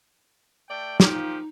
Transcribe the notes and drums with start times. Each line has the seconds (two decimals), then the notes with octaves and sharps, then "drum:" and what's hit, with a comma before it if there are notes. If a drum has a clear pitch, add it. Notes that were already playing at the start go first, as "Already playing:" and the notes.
0.69 A3 D5 G5
1.00 A#2 F3 D#4 G4, drum: snare